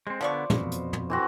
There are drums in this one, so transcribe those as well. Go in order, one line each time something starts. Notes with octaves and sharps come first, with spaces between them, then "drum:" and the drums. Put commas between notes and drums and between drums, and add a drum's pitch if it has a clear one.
G#3 C4 C5
D3 F3 B3 D5 C#6
F2 B2, drum: tom
drum: hi-hat
drum: tom
E3 C4 F#4